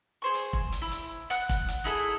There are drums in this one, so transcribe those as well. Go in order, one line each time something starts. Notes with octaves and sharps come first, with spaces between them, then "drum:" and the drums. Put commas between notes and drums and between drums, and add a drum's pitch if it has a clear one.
G#4 C5 C#6
drum: hi-hat
drum: kick
drum: hi-hat
E4
drum: hi-hat
F#5 F#6, drum: hi-hat
drum: kick, hi-hat
drum: hi-hat
D#4 E4 G#4 A4